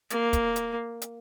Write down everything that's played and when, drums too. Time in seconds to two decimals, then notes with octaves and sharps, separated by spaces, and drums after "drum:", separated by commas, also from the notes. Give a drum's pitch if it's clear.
0.10 A#3, drum: hi-hat
0.33 drum: kick, hi-hat
0.56 drum: hi-hat
1.02 drum: hi-hat